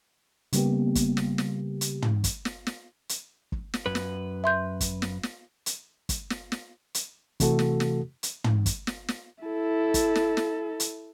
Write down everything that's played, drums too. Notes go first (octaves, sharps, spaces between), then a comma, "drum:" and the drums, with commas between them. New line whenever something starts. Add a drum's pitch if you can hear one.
C#3 G3 A#3 B3 G4, drum: hi-hat
drum: kick, hi-hat
drum: snare
drum: snare
drum: hi-hat
drum: tom
drum: kick, hi-hat
drum: snare
drum: snare
drum: hi-hat
drum: kick
drum: snare
F#2 B4
drum: snare
E5 C6 G6
drum: kick, hi-hat
drum: snare
drum: snare
drum: hi-hat
drum: kick, hi-hat
drum: snare
drum: snare
drum: hi-hat
C3 E3 A3 F#4 A4, drum: kick, hi-hat
drum: snare
drum: snare
drum: hi-hat
drum: tom
drum: kick, hi-hat
drum: snare
drum: snare
E4 A4
drum: kick, hi-hat
drum: snare
drum: snare
drum: hi-hat